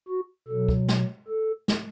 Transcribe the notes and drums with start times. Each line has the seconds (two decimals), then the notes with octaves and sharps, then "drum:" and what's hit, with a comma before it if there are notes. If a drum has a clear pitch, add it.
0.08 F#4
0.48 B2 F#3 A4
0.69 drum: kick
0.88 drum: snare
1.28 A4
1.68 drum: snare